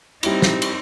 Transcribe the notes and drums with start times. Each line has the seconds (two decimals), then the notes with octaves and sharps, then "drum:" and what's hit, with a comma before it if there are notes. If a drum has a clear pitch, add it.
0.23 G3 C4 D#4 E4, drum: cymbal
0.42 drum: snare
0.62 drum: cymbal